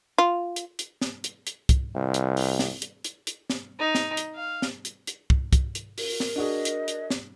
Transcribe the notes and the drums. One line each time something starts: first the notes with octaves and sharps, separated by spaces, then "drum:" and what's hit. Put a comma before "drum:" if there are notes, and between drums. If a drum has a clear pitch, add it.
F4
drum: hi-hat
drum: hi-hat
drum: snare
drum: hi-hat
drum: hi-hat
drum: kick, hi-hat
C2
drum: hi-hat
drum: open hi-hat
drum: snare
drum: hi-hat
drum: hi-hat
drum: hi-hat
drum: snare
D#4
drum: snare
drum: hi-hat
F5
drum: snare
drum: hi-hat
drum: hi-hat
drum: kick
drum: kick, hi-hat
drum: hi-hat
A#4, drum: open hi-hat
drum: snare
D4 F#4 G#4 D#5
drum: hi-hat
drum: hi-hat
drum: snare